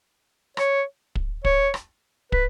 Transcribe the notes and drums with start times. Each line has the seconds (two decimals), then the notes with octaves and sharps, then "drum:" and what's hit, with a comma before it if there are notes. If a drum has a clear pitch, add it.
0.57 C#5, drum: rim click
1.15 drum: kick
1.45 C#5, drum: kick
1.74 drum: rim click
2.32 B4, drum: kick